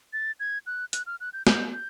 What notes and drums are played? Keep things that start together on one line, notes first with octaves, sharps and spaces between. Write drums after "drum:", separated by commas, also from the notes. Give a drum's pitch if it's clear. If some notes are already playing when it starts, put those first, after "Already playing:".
A6
G#6
F#6
F#6, drum: hi-hat
F6
F#6
G6
G6, drum: snare
G6